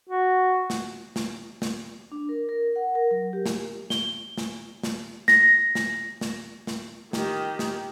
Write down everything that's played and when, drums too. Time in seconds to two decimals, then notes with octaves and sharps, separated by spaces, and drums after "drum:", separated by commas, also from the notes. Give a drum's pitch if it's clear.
0.10 F#4
0.70 drum: snare
1.16 drum: snare
1.62 drum: snare
2.12 D4
2.29 A#4
2.49 A#4
2.76 F#5
2.95 A#4
3.11 F#3
3.33 G4
3.46 drum: snare
3.90 G7, drum: snare
4.38 drum: snare
4.83 drum: snare
5.28 A#6, drum: snare
5.75 drum: snare
6.21 drum: snare
6.67 drum: snare
7.13 D#3 G4, drum: snare
7.59 drum: snare